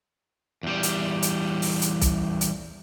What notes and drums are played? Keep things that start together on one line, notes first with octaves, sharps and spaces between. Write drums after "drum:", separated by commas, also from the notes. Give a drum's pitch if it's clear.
E2 G3
drum: hi-hat
drum: hi-hat
drum: open hi-hat
drum: hi-hat
drum: kick B1, hi-hat
drum: hi-hat